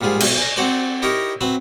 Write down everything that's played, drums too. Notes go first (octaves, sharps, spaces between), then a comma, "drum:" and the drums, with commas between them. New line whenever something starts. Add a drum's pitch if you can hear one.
A#1 G#2 G3 F4 G#4
B1, drum: cymbal
G#5 A#5
F#3 C4 F#4 A4 D5 C6
D#4 E4 G4 A#4 C#5 D#5
F#3 C4 B4 E5